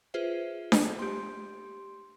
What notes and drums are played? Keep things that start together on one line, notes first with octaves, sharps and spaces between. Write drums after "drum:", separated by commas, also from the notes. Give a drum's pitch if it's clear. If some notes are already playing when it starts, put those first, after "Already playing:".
F4 G#4 B4 C5 E5
drum: snare D4
G4 C6